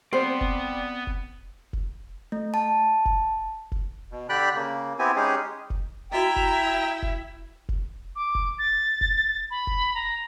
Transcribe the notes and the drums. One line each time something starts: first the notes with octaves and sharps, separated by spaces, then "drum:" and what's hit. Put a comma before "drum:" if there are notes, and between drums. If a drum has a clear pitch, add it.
B3 C4 C5 D5 G5
drum: kick F1
drum: kick F1
drum: kick F1
A3
A5
drum: kick F1
drum: kick F1
B2
D3 G4 D5 G5 B5 F#6
C#3 A#3
B3 C4 E4 G4 G#5
G#3 C#4 D#4 G4 G#4
drum: kick F1
E4 F#4 D#5 E5 G5 A#5
drum: kick F1
drum: kick F1
drum: kick F1
D6
drum: kick F1
A6
drum: kick F1
B5
drum: kick F1
A#5